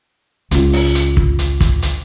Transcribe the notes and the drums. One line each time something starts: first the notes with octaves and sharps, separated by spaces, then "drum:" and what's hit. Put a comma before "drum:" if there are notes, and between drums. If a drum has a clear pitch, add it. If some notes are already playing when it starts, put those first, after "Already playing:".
C#2 F4, drum: hi-hat
drum: open hi-hat
drum: hi-hat
drum: kick
drum: hi-hat
drum: kick, hi-hat
drum: hi-hat